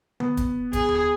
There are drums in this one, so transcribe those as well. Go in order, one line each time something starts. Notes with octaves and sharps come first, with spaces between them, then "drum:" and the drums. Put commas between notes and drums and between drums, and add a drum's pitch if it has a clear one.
B3, drum: tom D3
drum: kick, hi-hat
G#4, drum: kick, hi-hat
drum: tom D#2